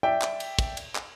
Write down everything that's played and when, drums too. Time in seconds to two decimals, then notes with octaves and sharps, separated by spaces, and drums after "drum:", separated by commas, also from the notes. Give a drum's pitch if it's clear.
0.03 D5 E5 G5
0.22 drum: clap
0.40 drum: cymbal
0.59 drum: kick, cymbal
0.77 drum: cymbal
0.95 drum: clap